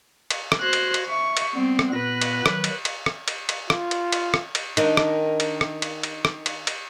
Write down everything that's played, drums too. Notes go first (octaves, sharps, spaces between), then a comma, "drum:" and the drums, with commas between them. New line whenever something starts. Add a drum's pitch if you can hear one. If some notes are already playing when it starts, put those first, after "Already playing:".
drum: cymbal
drum: rim click
F#4 C5 F#6 G#6 A#6
drum: cymbal
drum: cymbal
E5 C#6
drum: cymbal
G3 B3 C4
drum: rim click
A#2 B3 B4 F#6 A#6
drum: cymbal
D#3 F#3, drum: rim click
drum: cymbal
drum: cymbal
drum: rim click
drum: cymbal
drum: cymbal
F4, drum: rim click
drum: cymbal
drum: cymbal
drum: rim click
drum: cymbal
D#3 D4 D#4, drum: cymbal
drum: rim click
drum: cymbal
drum: rim click
drum: cymbal
drum: cymbal
drum: rim click
drum: cymbal
drum: cymbal